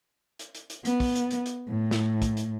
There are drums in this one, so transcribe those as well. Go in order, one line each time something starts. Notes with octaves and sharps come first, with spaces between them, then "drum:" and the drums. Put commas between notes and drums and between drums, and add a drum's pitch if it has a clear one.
drum: hi-hat
drum: hi-hat
drum: hi-hat
B3, drum: hi-hat
drum: kick, open hi-hat
drum: hi-hat
drum: hi-hat
drum: hi-hat
A2
drum: snare
drum: kick, hi-hat
drum: hi-hat